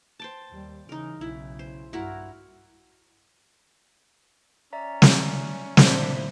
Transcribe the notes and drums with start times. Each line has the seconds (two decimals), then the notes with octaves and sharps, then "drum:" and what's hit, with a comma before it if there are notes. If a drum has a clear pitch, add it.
0.20 C5 G5 A5
0.50 D#2 G3
0.89 C#3 E3 D#4 A#4
1.21 B1 C#3 E4
1.59 C5
1.93 G2 E4 F#4 A#4
4.73 C#4 D5 E5 A#5
5.02 drum: snare
5.77 A#2 C4 D4 E4 C5, drum: snare